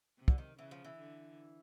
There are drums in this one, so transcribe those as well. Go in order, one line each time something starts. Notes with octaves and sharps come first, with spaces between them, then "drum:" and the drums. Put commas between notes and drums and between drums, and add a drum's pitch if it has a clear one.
C3
D3, drum: kick
D#3
C#3 E3
F3
E3
D3